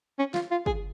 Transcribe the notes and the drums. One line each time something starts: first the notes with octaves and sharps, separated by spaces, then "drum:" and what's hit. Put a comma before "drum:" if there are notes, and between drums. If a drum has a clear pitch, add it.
C#4
F4, drum: snare
F4
G#4, drum: kick